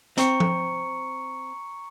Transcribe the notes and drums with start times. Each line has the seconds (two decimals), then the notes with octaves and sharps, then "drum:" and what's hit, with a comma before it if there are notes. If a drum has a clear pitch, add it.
0.18 C4 A#5 C#6 C#7, drum: hi-hat
0.40 drum: tom F3